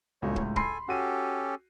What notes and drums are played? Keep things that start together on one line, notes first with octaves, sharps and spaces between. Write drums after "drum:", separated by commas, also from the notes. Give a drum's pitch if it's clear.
D1 G1 C#2 C#5
C#2 A2, drum: kick
A4 G#5 B5 C6 C7, drum: kick
C#4 F#4 G4 A4 D#7